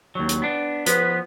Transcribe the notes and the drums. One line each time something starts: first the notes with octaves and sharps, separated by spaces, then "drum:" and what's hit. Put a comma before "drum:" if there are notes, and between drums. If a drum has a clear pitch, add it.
D#2 F#3
drum: hi-hat
B3 D4
F3 B3 B4, drum: hi-hat